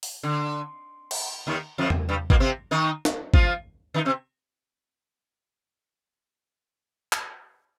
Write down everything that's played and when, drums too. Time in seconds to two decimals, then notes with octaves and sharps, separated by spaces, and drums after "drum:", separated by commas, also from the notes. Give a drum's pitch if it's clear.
0.03 drum: open hi-hat
0.23 D3
1.11 drum: cymbal
1.47 D#2 D#3
1.78 F2 F3
1.90 drum: tom E2
2.09 G2 G3
2.30 A#2 A#3, drum: kick
2.40 C3 C4
2.71 D#3 D#4
3.05 drum: snare
3.34 F3 F4, drum: kick
3.94 D#3 D#4
4.05 C3 C4
7.13 drum: clap